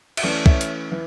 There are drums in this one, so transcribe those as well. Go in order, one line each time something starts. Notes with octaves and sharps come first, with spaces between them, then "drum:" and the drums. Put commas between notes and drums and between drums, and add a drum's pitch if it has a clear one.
E5, drum: cymbal
E3 A3 C#4 D5
C#5 E5, drum: kick
drum: hi-hat
E3